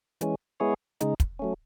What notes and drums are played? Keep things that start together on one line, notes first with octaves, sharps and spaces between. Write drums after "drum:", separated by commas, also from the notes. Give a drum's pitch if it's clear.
E3 G#3 C#4, drum: hi-hat
G#3 B3 E4 G#4 C#5
C#3 G#3 D#4, drum: hi-hat
drum: kick, hi-hat
F#3 A3 C#4